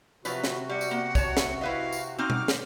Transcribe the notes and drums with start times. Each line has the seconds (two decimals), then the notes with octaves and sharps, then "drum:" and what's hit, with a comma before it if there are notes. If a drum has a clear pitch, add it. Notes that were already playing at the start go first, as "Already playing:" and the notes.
0.25 C3 F3 F#3 F#4 B4, drum: tambourine
0.44 drum: snare
0.69 G3 F#5
0.81 drum: tambourine
0.91 A#3
1.15 C#5 A5, drum: kick, tambourine
1.37 drum: snare
1.61 E4 B4 D#5 F5
1.92 drum: tambourine
2.18 C4 D#4 F#4 D6 F6
2.30 drum: tom B2
2.48 drum: snare